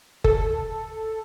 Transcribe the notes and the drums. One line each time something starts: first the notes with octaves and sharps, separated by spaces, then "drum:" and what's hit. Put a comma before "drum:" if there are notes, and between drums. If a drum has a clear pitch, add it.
A4, drum: kick F#1